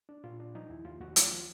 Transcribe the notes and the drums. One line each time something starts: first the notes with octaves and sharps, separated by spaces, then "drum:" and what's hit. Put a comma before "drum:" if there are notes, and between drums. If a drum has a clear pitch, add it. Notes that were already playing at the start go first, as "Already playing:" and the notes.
D4
A#2 F4
D4
F3 D#4
D#2 E4
D#2 F4
D#2 F#4
F3 F4, drum: hi-hat
F3